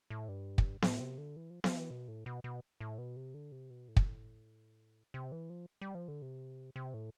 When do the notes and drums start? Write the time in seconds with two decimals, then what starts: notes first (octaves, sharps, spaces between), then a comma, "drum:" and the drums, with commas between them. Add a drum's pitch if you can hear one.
0.10 A2
0.29 G2
0.58 drum: kick
0.82 A2, drum: snare B3
1.00 C3
1.18 D3
1.36 E3
1.50 F3
1.64 F3, drum: snare B3
1.77 E3
1.91 B2
2.08 A2
2.26 B2
2.44 B2
2.80 A2
2.98 B2
3.16 C3
3.34 D3
3.52 C3
3.70 B2
3.88 A2
3.97 B2, drum: kick
4.05 A2
5.14 C3
5.32 E3
5.50 F3
5.81 G3
5.95 F3
6.08 D3
6.22 C3
6.76 C3
6.94 A2